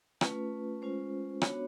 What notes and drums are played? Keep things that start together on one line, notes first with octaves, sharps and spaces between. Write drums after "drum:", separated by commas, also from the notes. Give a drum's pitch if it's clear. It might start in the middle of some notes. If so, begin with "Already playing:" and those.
A3 C#4 F4 B4, drum: rim click
G#3 C#4 F4 C5
B3 D4 F#4 C#5, drum: rim click